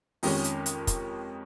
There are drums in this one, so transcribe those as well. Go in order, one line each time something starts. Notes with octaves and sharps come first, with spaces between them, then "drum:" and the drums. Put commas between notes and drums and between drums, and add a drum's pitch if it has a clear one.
F2 D#3 G#3 C#4 G4, drum: open hi-hat
drum: hi-hat
drum: hi-hat
drum: kick, hi-hat